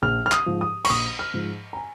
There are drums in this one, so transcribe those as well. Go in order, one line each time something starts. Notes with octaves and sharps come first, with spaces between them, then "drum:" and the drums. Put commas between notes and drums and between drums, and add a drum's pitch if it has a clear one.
A#1 F6
F6
D#6, drum: clap
G#2 F3
D#6
C#6, drum: cymbal
A#1 D#6
F6
G#2 F3
A#5
G#5